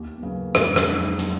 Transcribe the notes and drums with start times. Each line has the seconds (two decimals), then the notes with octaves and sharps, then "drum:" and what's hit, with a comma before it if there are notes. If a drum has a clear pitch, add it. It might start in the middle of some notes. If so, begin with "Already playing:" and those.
Already playing: D#2
0.18 B3
0.23 C#3 F#3 A#3
0.55 F2 G#3, drum: rim click
0.76 drum: rim click
0.87 D#3 G#3
0.94 F#3
1.01 G#3
1.19 F#3 A#3, drum: hi-hat